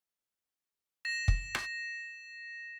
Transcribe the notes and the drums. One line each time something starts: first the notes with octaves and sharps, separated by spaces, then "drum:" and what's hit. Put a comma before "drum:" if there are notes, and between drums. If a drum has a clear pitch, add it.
A#6 E7
drum: kick
drum: rim click